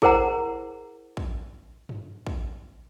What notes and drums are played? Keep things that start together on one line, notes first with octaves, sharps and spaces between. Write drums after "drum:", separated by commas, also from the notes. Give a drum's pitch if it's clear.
E4 G#4 A#4 C5 F#5 A#5, drum: kick
drum: kick
drum: tom
drum: kick